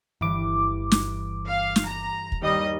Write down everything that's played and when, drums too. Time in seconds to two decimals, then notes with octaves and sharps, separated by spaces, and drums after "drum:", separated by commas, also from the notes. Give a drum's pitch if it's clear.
0.21 G1 G2 E3 D6
0.92 drum: snare
1.48 F5
1.76 drum: snare
1.87 A#5
2.32 drum: kick
2.42 D#2 G3 D#5